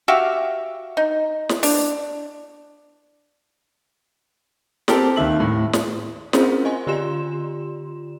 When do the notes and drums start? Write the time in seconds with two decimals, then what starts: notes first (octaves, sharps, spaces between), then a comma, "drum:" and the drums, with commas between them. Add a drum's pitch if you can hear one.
0.08 F#4 G4 E5 F5
0.97 D#4
1.49 drum: snare
1.63 D4, drum: open hi-hat
4.88 C4 G4 A4 A#4, drum: snare
5.16 D#2 D#3 E5 F#7
5.40 A2
5.73 drum: snare
6.33 C4 C#4 F4 G#4 A#4 C5, drum: snare
6.65 D#5 G#5 C6
6.87 D3 F4 G4 D5 C6 E7